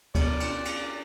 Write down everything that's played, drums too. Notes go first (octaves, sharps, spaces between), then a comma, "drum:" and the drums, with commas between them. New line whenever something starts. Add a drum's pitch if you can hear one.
B2 D5, drum: kick, cymbal
drum: cymbal
drum: cymbal